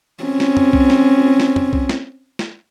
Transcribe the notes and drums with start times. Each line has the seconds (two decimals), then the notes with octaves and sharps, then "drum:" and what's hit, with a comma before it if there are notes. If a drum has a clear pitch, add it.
0.23 C4 C#4
0.40 drum: snare
0.57 drum: tom
0.73 drum: kick C2
0.90 drum: snare
1.40 drum: snare
1.56 drum: tom
1.73 drum: kick C2
1.89 drum: snare
2.39 drum: snare